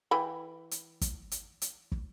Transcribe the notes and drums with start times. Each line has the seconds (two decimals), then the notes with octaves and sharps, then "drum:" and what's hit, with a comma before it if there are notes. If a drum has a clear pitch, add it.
0.11 E3 G5 B5
0.71 drum: hi-hat
1.01 drum: kick, hi-hat
1.31 drum: hi-hat
1.62 drum: hi-hat
1.92 drum: kick